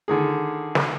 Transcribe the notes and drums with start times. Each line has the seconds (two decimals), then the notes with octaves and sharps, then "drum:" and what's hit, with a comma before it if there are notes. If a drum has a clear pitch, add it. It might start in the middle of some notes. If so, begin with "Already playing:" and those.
0.08 D3 D#3 G#4
0.75 drum: snare